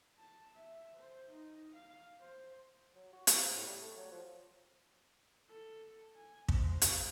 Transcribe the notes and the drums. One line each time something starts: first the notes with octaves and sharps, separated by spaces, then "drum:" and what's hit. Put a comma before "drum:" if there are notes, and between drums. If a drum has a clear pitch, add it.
A5
E5
C5
D#4
F5
C5
F#3
F#4
A2, drum: hi-hat
C5
A2
G3
A3
F#3
F3
A4
G#5
G#3 C5, drum: kick
drum: hi-hat